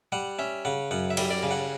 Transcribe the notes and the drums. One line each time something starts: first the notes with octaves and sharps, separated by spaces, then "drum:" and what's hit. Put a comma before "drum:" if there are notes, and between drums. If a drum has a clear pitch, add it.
G3 F#5
C#4 E5
C#3 F#5
F#2 F#5
E5
G3, drum: cymbal
D5
C#3
F#5